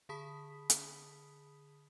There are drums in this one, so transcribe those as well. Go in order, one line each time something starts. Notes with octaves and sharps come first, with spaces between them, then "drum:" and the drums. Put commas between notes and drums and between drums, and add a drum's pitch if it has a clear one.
D3 G#4 A5 B5 D#6 B6
drum: hi-hat